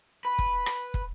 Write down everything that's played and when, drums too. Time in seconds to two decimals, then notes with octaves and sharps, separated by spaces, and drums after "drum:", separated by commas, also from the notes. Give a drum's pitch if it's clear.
0.25 B4
0.39 drum: kick
0.66 drum: rim click
0.94 drum: kick